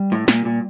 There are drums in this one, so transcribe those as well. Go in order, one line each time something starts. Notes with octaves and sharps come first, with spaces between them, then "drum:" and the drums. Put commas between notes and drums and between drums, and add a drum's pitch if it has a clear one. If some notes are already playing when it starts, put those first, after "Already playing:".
Already playing: G3
A2
A#2, drum: snare
A#2